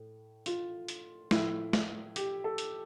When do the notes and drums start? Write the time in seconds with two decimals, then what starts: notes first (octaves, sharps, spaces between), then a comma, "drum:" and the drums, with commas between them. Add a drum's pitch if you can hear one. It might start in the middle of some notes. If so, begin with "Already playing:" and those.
Already playing: A2
0.46 F4, drum: hi-hat
0.88 drum: hi-hat
1.31 A2 F3 E4, drum: snare A3
1.73 drum: snare A3
2.16 G4, drum: hi-hat
2.44 A4
2.58 drum: hi-hat